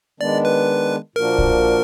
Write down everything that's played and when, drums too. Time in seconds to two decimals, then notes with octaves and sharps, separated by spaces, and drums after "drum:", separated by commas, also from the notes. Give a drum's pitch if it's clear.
0.20 D#3 G#3 B3 D4 D5
0.45 B4
1.16 A#2 F3 A#3 D4 F#4 A#4
1.38 drum: kick A#1